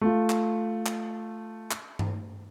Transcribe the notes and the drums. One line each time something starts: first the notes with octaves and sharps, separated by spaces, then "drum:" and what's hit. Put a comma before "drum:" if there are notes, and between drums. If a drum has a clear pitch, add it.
A3 F4
drum: clap
drum: clap
drum: clap
drum: tom G2